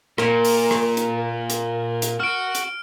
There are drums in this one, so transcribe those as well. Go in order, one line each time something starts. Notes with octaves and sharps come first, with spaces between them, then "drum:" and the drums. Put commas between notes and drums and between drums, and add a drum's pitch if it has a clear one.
A#2 A#4, drum: rim click
drum: open hi-hat
drum: rim click
drum: hi-hat
drum: hi-hat
drum: hi-hat
F#4 F6 D7
drum: hi-hat